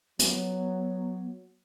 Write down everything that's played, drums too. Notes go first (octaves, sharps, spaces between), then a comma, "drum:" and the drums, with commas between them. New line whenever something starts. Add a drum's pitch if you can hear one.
F#3 B3, drum: hi-hat